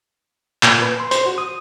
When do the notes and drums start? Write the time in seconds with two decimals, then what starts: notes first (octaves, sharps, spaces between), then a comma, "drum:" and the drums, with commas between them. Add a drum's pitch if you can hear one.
0.63 A#2, drum: clap
0.82 B4
1.00 C6
1.11 C5, drum: hi-hat
1.26 F#4
1.38 D#6